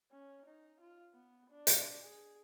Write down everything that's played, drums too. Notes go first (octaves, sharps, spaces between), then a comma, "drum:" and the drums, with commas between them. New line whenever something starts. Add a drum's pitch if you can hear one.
C#4
D#4
F4
B3
D4
drum: hi-hat
G#4